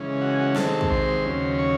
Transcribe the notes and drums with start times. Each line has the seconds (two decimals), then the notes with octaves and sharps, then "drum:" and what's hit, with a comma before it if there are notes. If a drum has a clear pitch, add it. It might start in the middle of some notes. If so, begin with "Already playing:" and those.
Already playing: C#3 E3 G#3 C#4
0.21 F#4 F#5
0.30 G#5
0.38 F#4 F#5
0.56 C3 D#3 G#3 C4 A4 A5, drum: snare
0.81 drum: kick
0.90 C5 C6
1.25 D#2 C#3 F#3 C#4
1.54 C6
1.59 C#5 C#6